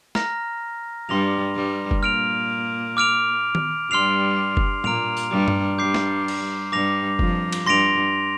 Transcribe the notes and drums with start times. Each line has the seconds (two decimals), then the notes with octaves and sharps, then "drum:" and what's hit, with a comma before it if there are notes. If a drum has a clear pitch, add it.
0.15 A#5 F6 A#6, drum: snare
1.09 G2 G3 C6 A#6 F7
1.55 G2 G3
1.91 drum: kick F#1
2.03 A#2 A#3 F6 D7 F7
2.97 D6 F6 D7 F7
3.55 drum: tom D#3
3.90 G2 G3 C6 F6 C7 F7
4.57 drum: kick F#1
4.84 A#2 A#3 A#5 F6 D7 F7, drum: tom A2
5.17 drum: tambourine
5.31 G2 G3
5.48 drum: tom G2
5.78 G2 G3 D6 G6 C7
5.94 drum: snare
6.28 drum: cymbal
6.72 G2 G3 D6 A#6 F7
7.19 F2 F3, drum: kick F#1
7.52 drum: cymbal
7.66 G2 C6 A#6 D7 F7